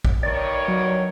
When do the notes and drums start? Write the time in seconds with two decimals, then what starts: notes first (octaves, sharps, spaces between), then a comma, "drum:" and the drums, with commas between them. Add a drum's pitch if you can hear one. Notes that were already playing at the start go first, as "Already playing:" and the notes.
0.05 drum: kick
0.23 G2 D#3 C#5 D5
0.68 F#3